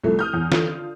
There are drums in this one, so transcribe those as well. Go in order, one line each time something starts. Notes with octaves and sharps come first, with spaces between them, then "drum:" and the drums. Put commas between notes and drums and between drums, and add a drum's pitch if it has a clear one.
C2 F3 A3
D#6 F6 G6
E2
D3 F4, drum: snare